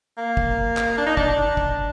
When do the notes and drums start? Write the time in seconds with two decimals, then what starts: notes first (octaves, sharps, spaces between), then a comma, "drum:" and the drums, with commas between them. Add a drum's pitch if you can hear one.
0.17 A#3
0.37 drum: kick
0.77 drum: clap
0.98 D4
1.07 D#4
1.17 D4, drum: kick
1.57 drum: kick